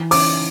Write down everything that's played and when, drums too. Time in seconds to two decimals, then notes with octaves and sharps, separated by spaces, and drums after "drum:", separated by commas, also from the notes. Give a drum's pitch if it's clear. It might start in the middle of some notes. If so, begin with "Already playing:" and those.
Already playing: E3
0.11 C#4 D6, drum: open hi-hat